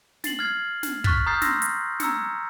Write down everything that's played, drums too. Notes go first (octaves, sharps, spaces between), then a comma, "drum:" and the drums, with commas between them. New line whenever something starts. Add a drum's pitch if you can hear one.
A6 C7 F#7, drum: snare
F6 G#6 C7
drum: snare
C#6 F6 F#6 A6 B6, drum: kick
A#5 D#6 F6 G6 A6 C7
C6 E6 A#6, drum: snare
drum: hi-hat
A#5 E6 G#6 C#7, drum: snare